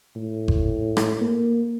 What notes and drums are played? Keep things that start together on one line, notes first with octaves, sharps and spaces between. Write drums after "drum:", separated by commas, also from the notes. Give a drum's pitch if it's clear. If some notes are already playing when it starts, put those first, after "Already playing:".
A2
drum: kick G1
drum: rim click
A#3